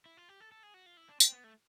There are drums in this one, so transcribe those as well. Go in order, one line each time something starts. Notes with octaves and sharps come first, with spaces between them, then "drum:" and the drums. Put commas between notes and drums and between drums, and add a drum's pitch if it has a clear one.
E4
F4
G4
A4
A4
G#4
F#4
F4
E4
D4
C4, drum: tambourine
B3
A3